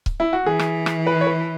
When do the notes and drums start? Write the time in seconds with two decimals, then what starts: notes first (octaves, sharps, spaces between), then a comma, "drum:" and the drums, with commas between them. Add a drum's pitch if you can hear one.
0.06 drum: kick C#1
0.20 E4
0.33 F#4
0.46 E3 G#4
0.59 drum: rim click
0.86 drum: rim click
1.07 B4
1.21 C#5
1.27 B4